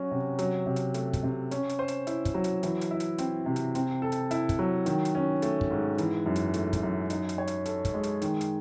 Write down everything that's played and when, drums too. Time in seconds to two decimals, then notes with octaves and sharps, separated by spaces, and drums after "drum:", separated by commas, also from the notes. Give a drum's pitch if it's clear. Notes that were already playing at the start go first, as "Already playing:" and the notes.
Already playing: F#3 C#4 F#4
0.11 C3
0.39 F#3, drum: hi-hat
0.66 C3
0.76 drum: hi-hat
0.94 A3, drum: hi-hat
1.13 drum: kick, hi-hat
1.23 C3
1.51 C#4, drum: hi-hat
1.69 drum: hi-hat
1.79 C5
1.88 drum: hi-hat
2.07 E4, drum: hi-hat
2.25 drum: kick, hi-hat
2.34 F#3
2.44 drum: hi-hat
2.63 E3, drum: hi-hat
2.81 drum: hi-hat
2.91 E4
3.00 drum: hi-hat
3.18 C4, drum: hi-hat
3.46 C3
3.56 drum: hi-hat
3.75 C4, drum: hi-hat
4.02 A4
4.12 drum: hi-hat
4.31 E4, drum: hi-hat
4.49 drum: kick, hi-hat
4.59 F#3
4.86 D#3, drum: hi-hat
5.05 drum: hi-hat
5.15 C#4
5.42 A3, drum: hi-hat
5.61 drum: kick
5.71 G#2
5.98 E3, drum: hi-hat
6.26 F#2
6.36 drum: hi-hat
6.54 A3, drum: hi-hat
6.73 drum: kick, hi-hat
6.83 F#2
7.10 D#4, drum: hi-hat
7.29 drum: hi-hat
7.38 C#5
7.47 drum: hi-hat
7.66 A4, drum: hi-hat
7.85 drum: kick, hi-hat
7.94 G#3
8.03 drum: hi-hat
8.22 D#3, drum: hi-hat
8.41 drum: hi-hat